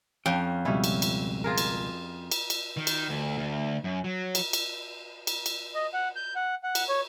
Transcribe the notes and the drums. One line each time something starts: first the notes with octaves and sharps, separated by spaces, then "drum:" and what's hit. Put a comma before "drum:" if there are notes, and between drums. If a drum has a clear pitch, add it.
F2 C#4 G5
C#2 B2 G3 C#4 E4
drum: cymbal
drum: cymbal
F4 G#4 A#4
drum: cymbal
drum: cymbal
drum: cymbal
D#3
drum: cymbal
D2
D2
F#2
F#3
drum: cymbal
drum: cymbal
drum: cymbal
drum: cymbal
D#5
F#5
G6
F#5
F#5
drum: cymbal
C#5